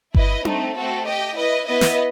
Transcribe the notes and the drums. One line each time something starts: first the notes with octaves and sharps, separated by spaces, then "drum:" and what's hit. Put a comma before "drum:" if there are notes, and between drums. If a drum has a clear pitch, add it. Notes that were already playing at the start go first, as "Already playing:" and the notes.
E4 B4 D#5, drum: kick G1
A3 C4 D#4, drum: tom D4
A3 C4 F#4 A4
G4 D#5 G5
E4 B4 D#5
B3 E4 B4 D#5
drum: snare